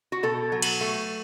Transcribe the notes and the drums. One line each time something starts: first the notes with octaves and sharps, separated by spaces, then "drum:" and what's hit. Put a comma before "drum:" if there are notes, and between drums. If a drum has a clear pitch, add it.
F#4
B2 A4
F#3
drum: cymbal
A3